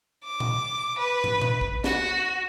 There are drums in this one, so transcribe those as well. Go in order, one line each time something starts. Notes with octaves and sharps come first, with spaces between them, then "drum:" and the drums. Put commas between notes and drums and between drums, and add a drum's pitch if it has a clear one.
D6
drum: tom
B4
drum: tom
drum: tom
drum: kick
F#4, drum: snare